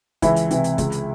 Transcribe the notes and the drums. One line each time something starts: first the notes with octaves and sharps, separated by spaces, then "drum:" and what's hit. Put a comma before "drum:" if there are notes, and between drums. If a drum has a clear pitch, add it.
C#2 E3 E4, drum: kick, hi-hat
drum: hi-hat
C3 E3, drum: hi-hat
drum: hi-hat
C#2, drum: kick, hi-hat
drum: hi-hat